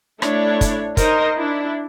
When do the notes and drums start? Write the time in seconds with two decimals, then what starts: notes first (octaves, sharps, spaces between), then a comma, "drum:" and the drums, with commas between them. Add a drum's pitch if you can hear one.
0.22 A3 D4 E4 C#5, drum: rim click
0.61 drum: kick, hi-hat
0.97 D#4 A#4 C5 D#5, drum: kick, hi-hat
1.36 D4 E4